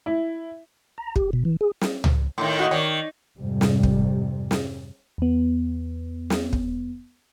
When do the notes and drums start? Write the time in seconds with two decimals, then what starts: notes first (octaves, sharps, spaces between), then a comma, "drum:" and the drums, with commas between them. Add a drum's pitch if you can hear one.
0.06 E4
0.98 A#5
1.16 G4, drum: kick
1.33 B2
1.45 E3
1.61 G#4
1.81 drum: snare
2.04 drum: tom C#2
2.38 A2 D#3
2.59 F#4 D#5
2.71 D#3 C#5 D5
3.38 F2 G#2 C3 G3
3.61 drum: snare
3.83 drum: kick
4.51 drum: snare
5.18 E2 B3
6.30 drum: snare
6.53 drum: kick